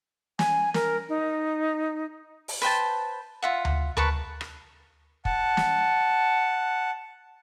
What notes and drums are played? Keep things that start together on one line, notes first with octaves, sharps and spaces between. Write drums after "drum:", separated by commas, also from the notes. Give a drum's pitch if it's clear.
G#5, drum: snare
A#4, drum: snare
D#4
drum: open hi-hat
B4 C5 G5 A5
F4 E5 F#5
drum: tom D2
A#4 B4 A5 C#6, drum: tom D2
drum: rim click
F#5 A5, drum: kick
drum: snare